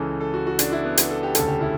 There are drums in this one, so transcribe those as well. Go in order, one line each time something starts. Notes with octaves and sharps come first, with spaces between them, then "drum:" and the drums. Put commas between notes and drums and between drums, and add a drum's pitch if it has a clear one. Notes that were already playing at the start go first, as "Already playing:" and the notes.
Already playing: C#2 C#3 E3 A4
A4
F#4
F#4
D4, drum: hi-hat
E4
B3
B3, drum: hi-hat
A4
G4
E1 D2 C#3 A4, drum: hi-hat
G4
E4